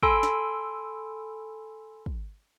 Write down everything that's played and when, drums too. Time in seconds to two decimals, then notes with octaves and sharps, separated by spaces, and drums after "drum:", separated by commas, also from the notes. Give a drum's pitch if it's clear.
0.03 A4 G#5 B5 C6 E6 D7, drum: kick
0.23 drum: snare
2.06 drum: kick